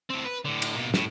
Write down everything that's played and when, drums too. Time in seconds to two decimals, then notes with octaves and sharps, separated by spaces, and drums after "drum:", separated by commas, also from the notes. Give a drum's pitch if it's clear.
0.10 A2 C4
0.25 B4
0.45 A2 D3
0.62 drum: cymbal
0.76 B2 A#3
0.94 A2, drum: snare